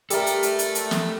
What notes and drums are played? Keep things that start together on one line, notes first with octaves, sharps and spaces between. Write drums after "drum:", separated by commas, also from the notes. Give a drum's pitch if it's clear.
G3 A4 A#4 E5, drum: hi-hat
drum: hi-hat
drum: hi-hat
drum: hi-hat
drum: hi-hat
drum: snare